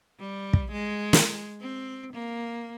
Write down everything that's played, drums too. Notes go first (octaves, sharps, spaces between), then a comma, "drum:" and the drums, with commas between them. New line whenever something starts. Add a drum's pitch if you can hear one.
G3
drum: kick
G#3
drum: snare
C4
A#3